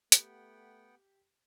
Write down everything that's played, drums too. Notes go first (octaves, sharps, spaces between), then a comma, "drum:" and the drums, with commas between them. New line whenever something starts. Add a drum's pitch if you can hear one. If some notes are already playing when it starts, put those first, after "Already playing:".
A3 B3 G4 F#5 G5, drum: hi-hat